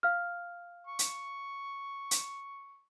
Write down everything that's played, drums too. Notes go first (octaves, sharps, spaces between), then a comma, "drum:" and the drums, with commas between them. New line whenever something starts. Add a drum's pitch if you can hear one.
F5 F6
C#6
drum: hi-hat
drum: hi-hat